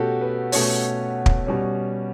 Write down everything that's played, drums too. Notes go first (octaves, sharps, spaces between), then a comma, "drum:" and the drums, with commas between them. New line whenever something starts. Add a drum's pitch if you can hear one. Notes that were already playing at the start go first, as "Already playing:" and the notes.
Already playing: B2 A3 C#4 F#4 G4 A4
B4
B2 A3 C#4 C#5, drum: open hi-hat
drum: kick
B2 G3 C#4